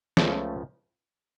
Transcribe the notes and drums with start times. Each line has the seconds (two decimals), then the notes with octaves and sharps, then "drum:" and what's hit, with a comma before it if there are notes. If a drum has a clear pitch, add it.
0.17 C#2 C#3 F3 A3, drum: snare